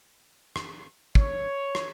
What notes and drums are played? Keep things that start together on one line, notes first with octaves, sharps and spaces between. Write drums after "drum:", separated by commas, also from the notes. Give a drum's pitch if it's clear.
drum: rim click
C#5, drum: kick
drum: rim click